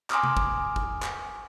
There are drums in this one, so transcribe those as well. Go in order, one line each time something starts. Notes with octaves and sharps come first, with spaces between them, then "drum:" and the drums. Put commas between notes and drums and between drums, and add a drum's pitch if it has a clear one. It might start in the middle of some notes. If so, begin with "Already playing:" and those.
G#5 A#5 C6 D6 D#6 F6, drum: clap
drum: tom C3
drum: kick
drum: kick
drum: clap